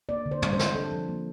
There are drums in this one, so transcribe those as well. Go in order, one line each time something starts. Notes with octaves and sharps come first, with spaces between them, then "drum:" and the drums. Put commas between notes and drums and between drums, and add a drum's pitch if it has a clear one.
A#3 D5
D3
C5
G3, drum: tom
C5
D3, drum: snare
D4 A4
F3
A#3